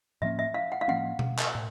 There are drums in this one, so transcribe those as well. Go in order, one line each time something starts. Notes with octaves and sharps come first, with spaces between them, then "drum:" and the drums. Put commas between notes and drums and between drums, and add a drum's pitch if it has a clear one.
A2 F3 A#3 C#4 E5
E5
F5
F#5
F5
A2 F3 A#3 C#4 F#5
drum: tom B2
drum: clap
A2